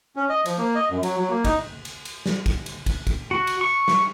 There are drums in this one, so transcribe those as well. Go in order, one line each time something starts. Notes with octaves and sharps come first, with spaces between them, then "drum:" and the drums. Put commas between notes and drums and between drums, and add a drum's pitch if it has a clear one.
C#4
D#5
F3, drum: cymbal
A#3
D#5
F#2
F#3, drum: cymbal
F#3
A#3
D#4, drum: kick, cymbal
drum: cymbal
drum: cymbal
drum: snare
drum: kick, cymbal
drum: cymbal
drum: kick, cymbal
drum: kick, cymbal
F#4
drum: cymbal
C#6
drum: snare